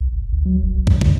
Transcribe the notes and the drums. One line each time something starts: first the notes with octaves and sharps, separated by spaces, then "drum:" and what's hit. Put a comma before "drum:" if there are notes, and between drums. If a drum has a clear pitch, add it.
C2
G#1
D2
F#3
F#1
C2
F#2, drum: kick
D3, drum: kick